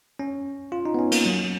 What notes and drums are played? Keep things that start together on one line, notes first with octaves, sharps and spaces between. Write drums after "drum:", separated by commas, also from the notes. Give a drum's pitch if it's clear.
C#4
F4
D#4
B3
C#4
A#3, drum: cymbal
F#3